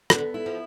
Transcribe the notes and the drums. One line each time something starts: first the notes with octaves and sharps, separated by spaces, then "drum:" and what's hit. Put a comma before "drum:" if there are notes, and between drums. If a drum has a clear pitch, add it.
D3 B3, drum: rim click
E4
F3